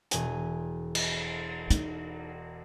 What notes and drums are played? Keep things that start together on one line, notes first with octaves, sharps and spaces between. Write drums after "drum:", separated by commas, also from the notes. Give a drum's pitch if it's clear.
E1 G#4, drum: hi-hat
drum: cymbal
D#4, drum: hi-hat